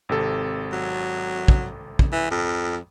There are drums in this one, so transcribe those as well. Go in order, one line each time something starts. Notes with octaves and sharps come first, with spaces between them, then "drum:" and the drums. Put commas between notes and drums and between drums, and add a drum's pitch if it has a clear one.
G#1 C3 A4
F#3
drum: kick
drum: kick
E3
F2